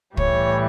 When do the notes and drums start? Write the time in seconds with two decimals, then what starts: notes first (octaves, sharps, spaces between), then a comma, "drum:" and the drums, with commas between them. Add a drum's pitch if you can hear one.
0.17 A2 E3 G3 C#5, drum: kick